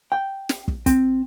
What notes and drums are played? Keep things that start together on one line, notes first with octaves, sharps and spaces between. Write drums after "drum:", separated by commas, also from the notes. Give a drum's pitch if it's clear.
G5
drum: snare
drum: kick
C4, drum: kick, hi-hat